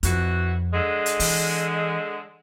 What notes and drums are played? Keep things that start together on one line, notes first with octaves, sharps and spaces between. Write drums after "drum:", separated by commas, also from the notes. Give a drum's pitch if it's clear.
F2 E3 F#4, drum: hi-hat
D3 G#3
drum: hi-hat
E3, drum: open hi-hat